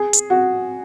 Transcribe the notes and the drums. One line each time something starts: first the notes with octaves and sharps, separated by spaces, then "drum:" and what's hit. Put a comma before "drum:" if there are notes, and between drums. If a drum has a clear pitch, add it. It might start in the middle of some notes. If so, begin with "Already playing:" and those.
Already playing: G#4
drum: hi-hat
F#4